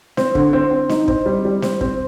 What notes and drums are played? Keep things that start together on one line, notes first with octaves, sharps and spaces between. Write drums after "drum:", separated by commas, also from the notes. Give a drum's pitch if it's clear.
C4, drum: snare
D3, drum: kick
C4
C4
D#4, drum: snare
C4, drum: kick
G3
G3
C4, drum: snare
C4, drum: kick